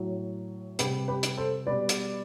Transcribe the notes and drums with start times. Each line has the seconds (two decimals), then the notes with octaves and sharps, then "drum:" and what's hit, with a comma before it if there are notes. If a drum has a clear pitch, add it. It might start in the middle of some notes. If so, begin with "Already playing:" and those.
Already playing: A2 F#3
0.79 C3 G3 G4 B4, drum: hi-hat
1.08 G4 B4
1.23 drum: hi-hat
1.37 A4 C5
1.67 B2 G3 B4 D5
1.89 drum: hi-hat